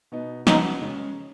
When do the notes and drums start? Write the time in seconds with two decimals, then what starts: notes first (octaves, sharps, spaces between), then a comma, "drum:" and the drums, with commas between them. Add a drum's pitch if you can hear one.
0.12 B2 B3 D#4
0.47 C#3 B3 D#4 F#4, drum: snare
0.81 C#3 G#3 C#4